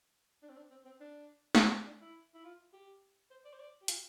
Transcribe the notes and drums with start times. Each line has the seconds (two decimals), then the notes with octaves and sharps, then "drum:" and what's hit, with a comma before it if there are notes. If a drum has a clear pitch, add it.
0.43 D4
0.49 C4
0.57 D4
0.71 C4
0.85 C4
1.00 D4
1.55 drum: snare
1.87 D4
2.01 E4
2.34 E4
2.45 F4
2.73 G4
3.31 C5
3.45 D5
3.53 C5
3.60 D5
3.82 G4
3.88 F4, drum: hi-hat